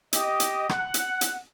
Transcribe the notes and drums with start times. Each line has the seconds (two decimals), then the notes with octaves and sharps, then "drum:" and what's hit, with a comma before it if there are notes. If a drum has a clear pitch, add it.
0.13 G4 D#5, drum: hi-hat
0.40 drum: hi-hat
0.69 F#5, drum: rim click
0.94 drum: hi-hat
1.21 drum: hi-hat